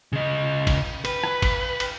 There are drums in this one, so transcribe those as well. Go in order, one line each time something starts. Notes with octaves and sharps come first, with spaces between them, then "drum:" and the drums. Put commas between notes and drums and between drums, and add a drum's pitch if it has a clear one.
C#3 D#5
drum: kick, cymbal
B4, drum: cymbal
drum: rim click
drum: kick, cymbal
drum: cymbal